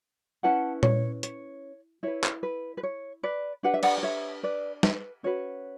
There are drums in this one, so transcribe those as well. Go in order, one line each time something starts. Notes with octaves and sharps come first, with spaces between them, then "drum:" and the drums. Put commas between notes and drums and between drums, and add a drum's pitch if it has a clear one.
C#4 E4 B4 F#5 A5
C#5, drum: tom A#2
C#5, drum: hi-hat
E4 B4 C#5
drum: clap
B4
B4
C#5
B4 D5
D4 G4 B4 F#5
E5
D5 F#5, drum: cymbal
F#5
C#5 E5
B4 D5
B4, drum: snare
C#4 F#4 B4 C#5